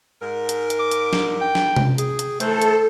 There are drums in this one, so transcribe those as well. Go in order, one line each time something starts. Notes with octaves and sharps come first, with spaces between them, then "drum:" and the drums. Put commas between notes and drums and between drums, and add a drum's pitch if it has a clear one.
G#2 A#4
drum: hi-hat
drum: hi-hat
D6
drum: hi-hat
drum: snare
G5
drum: snare
drum: tom C3
G#4, drum: hi-hat
drum: hi-hat
D#3 E3 A3 A4 C5, drum: hi-hat
drum: hi-hat